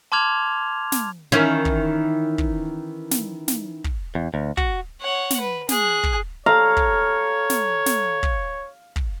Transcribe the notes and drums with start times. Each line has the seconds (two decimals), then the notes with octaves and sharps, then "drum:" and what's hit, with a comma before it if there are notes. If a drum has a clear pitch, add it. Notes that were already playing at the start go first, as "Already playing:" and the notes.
0.12 A5 C6 D6 F6 G#6 F7
0.92 drum: snare
1.32 D#3 E3 C#4
1.65 drum: kick
2.38 drum: kick
3.11 drum: snare
3.48 drum: snare
3.84 drum: kick
4.15 E2
4.34 D2
4.57 F#4, drum: kick
5.02 C#5 F#5
5.30 drum: snare
5.40 B4
5.69 G#4 F#6, drum: snare
6.04 drum: kick
6.46 A4 C#5 F5 A#5
6.77 drum: kick
7.50 drum: snare
7.86 drum: snare
8.23 drum: kick
8.96 drum: kick